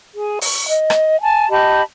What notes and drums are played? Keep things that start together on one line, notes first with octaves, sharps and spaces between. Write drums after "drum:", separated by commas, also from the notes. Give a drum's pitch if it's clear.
G#4
C#6, drum: open hi-hat
D#5
drum: rim click
G#5 A5
G4 D#5 A5 B5